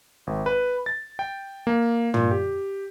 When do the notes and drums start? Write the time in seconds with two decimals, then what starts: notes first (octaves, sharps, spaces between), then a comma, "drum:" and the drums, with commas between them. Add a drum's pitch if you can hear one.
0.27 G#1
0.46 B4
0.86 A6
1.19 G5
1.67 A#3
2.14 A#2, drum: tom
2.31 G4